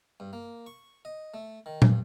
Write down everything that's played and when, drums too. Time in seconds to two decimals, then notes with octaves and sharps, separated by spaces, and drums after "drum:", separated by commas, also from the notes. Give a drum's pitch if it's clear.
0.20 G2
0.33 A#3
0.66 C#6
1.05 D#5
1.34 A3
1.66 D#3
1.82 G2, drum: tom